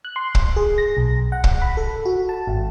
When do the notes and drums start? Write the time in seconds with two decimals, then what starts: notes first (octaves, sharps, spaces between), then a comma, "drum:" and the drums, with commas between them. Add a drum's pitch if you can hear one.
0.05 F#6
0.16 C6
0.35 drum: kick
0.56 G#4
0.78 A#6
0.97 B1
1.32 F#5
1.44 drum: kick
1.62 B5
1.77 A4
2.05 F#4
2.29 A5
2.47 G#1